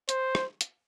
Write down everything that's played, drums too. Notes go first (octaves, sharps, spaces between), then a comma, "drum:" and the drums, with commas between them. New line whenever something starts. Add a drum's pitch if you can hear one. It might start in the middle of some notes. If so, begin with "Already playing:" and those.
C5, drum: hi-hat
drum: rim click
drum: hi-hat